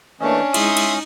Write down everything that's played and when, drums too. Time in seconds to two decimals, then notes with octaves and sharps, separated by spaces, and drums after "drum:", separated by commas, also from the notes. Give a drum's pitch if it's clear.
0.21 E3 A3 A#3 C#4 D4 C#5 D#5
0.54 G#3 D#4 E4 E5 C6 D#6, drum: cymbal
0.77 drum: cymbal